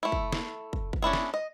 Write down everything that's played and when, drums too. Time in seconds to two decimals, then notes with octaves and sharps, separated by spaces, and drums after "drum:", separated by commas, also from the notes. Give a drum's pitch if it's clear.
0.03 A3 E4
0.12 drum: kick
0.32 drum: snare
0.73 drum: kick
0.93 drum: kick
1.02 C#4 D4 E4 G#4
1.13 drum: snare
1.34 D#5